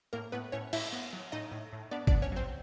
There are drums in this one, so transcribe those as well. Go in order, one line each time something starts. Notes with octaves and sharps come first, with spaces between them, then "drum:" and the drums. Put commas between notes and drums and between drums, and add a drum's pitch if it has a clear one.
A2 A#3 A#4
A2 B3 B4
A2 C#4 C#5
A2 E4 E5, drum: cymbal
B3
F#3
A2 D#4 D#5
A2
A2
B3 D4 D5
D4 D5, drum: kick G#1
B3
C#4 C#5
F#3 C4 C5